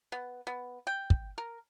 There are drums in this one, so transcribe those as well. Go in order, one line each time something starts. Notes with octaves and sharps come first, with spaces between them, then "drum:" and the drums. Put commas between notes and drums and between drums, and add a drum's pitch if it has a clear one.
B3
B3
G5
drum: kick
A#4